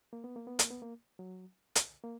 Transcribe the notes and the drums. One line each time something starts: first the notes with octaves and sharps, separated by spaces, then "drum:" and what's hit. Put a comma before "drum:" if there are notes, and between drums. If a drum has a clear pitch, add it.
A#3
B3
A#3
B3
A#3, drum: hi-hat
B3
A#3
F#3
drum: hi-hat
A#3